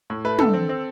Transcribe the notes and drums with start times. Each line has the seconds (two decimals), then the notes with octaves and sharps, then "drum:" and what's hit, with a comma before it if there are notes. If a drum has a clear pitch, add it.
0.10 A2
0.25 A3 B4
0.39 D3 A4, drum: tom
0.54 C4
0.69 C4